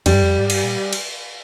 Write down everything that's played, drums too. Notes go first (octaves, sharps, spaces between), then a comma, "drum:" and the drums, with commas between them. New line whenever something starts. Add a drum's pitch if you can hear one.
F2 G3, drum: cymbal
G2
F2
G#2
G2, drum: cymbal
A#2
drum: cymbal